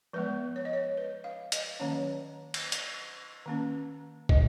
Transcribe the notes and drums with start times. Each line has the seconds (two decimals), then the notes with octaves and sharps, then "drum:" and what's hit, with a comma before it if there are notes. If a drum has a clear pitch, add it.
0.13 F3 G#3 B3 B4
0.56 C#5
0.65 D#5
0.73 C#5
0.97 B4
1.24 F5
1.52 D#5, drum: hi-hat
1.80 D#3 F#3 A#3 C#4 C#5
2.54 drum: cymbal
2.72 drum: hi-hat
3.46 D#3 A#3 C#4
4.29 D#5, drum: kick